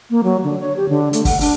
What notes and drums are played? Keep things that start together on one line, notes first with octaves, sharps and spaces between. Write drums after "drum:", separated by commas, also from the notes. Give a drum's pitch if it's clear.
A#3
F#3
D3
C#5
G4
D3
A3, drum: hi-hat
F#5, drum: kick F#1, open hi-hat
D4, drum: open hi-hat